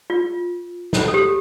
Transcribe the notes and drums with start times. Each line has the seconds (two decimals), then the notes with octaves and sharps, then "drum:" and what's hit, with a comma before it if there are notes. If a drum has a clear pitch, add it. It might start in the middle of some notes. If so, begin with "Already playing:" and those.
0.10 F4
0.93 drum: snare
1.08 A4
1.14 G4